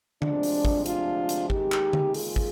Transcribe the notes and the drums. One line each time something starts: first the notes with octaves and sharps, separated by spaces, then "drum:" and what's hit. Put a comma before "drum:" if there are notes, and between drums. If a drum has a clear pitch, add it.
D2 C3 F3 G#3 D4, drum: tom D3
drum: open hi-hat
drum: kick
D4 F4, drum: hi-hat
drum: hi-hat
D#2 D#3 G#3 D#4 G4, drum: kick
drum: clap
drum: tom D3
F4 G#4, drum: open hi-hat
drum: kick